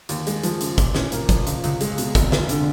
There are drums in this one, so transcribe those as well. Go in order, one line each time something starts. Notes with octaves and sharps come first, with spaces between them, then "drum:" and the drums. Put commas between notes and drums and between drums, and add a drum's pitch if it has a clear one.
D#2, drum: hi-hat
G#3, drum: hi-hat
F3, drum: hi-hat
C#3, drum: hi-hat
A#2, drum: kick, hi-hat
C#4, drum: snare
A#3, drum: hi-hat
F3, drum: kick, hi-hat
C#2, drum: hi-hat
C#2, drum: hi-hat
G#3, drum: hi-hat
B2, drum: hi-hat
F1, drum: kick, hi-hat
F1, drum: snare
D3, drum: hi-hat